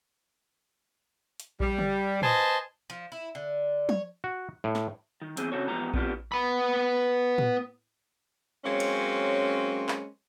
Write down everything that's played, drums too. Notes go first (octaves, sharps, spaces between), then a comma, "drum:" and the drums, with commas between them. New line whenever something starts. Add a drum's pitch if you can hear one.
drum: hi-hat
G3, drum: kick A#1
drum: tom C#3
B4 C5 D#5 G#5 A5, drum: tom A2
F3
E4
D3
C#5, drum: tom
F#4
A2
drum: snare
D#3
E2 C4 G#4, drum: hi-hat
C#3 C4 F#4 A4 C#5
E2 G#2 F3 B3 G4 A#5
B3 C4 D4 D#4 F4 G4, drum: kick A#1
B3 B5
drum: tom A2
F#3 G#3 A#3 C4 C#4
drum: cymbal
drum: clap